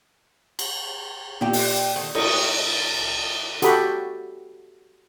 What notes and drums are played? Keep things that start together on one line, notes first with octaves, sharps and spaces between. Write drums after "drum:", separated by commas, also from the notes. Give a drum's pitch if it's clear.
drum: cymbal
A#2 G3 G4 G5
drum: open hi-hat
D3 D#3 A4
G4 C#5 D#5, drum: cymbal
F#4 G4 A4 B5, drum: hi-hat